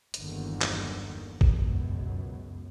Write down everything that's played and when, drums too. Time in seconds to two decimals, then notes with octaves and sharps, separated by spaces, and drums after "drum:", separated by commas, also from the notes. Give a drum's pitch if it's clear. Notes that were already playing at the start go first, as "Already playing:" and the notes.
0.14 G1 E2 D3 D#3 F#3 A#3, drum: hi-hat
0.61 drum: clap
1.41 C#2 F#2 B2, drum: kick